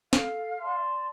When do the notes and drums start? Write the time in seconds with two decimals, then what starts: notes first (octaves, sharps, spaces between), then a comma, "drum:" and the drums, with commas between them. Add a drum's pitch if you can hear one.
0.13 A4 F5, drum: snare
0.59 D5 A5 C6